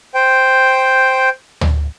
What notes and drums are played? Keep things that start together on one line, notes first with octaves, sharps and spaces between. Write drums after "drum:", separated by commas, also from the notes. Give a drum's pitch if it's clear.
C5 G5
drum: tom D2